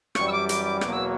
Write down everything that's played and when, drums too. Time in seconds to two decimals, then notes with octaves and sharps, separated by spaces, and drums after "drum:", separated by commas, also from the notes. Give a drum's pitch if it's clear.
0.15 F#2 E3 G3 C#6, drum: rim click
0.28 E6
0.32 D6
0.49 D6, drum: hi-hat
0.65 D6
0.81 E2 B2 F#3 A#3 D6, drum: rim click
0.93 E6